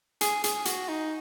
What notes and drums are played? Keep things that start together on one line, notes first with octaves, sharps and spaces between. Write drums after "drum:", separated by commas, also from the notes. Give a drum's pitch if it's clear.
G#4, drum: hi-hat
G#4, drum: hi-hat
F#4, drum: hi-hat
D#4